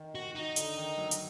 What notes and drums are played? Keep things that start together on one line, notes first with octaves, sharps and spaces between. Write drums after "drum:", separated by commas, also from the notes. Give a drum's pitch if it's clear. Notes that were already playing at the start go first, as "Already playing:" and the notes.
Already playing: D#3
F#4
D#4
D3, drum: hi-hat
D#3
F#3
drum: hi-hat